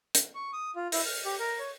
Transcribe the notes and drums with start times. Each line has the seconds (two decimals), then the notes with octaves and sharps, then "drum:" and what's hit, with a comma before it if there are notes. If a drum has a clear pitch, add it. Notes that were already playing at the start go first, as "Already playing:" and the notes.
0.15 drum: hi-hat
0.35 C#6
0.53 D#6
0.76 F4
0.92 E4, drum: open hi-hat
1.06 F6
1.25 G4
1.39 A#4
1.59 C#5